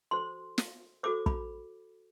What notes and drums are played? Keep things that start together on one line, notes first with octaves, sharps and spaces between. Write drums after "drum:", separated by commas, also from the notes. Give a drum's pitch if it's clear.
F#4 A4 C5 C6
drum: snare
F#4 A4 C5 D6
B5, drum: kick